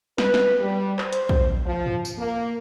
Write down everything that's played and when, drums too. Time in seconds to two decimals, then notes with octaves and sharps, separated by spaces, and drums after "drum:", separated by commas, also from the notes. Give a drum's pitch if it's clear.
0.18 B4, drum: snare
0.34 drum: snare
0.59 G3
0.99 C5, drum: clap
1.13 drum: hi-hat
1.29 drum: kick
1.65 F3
1.86 drum: tom F#2
2.05 drum: tambourine
2.17 A#3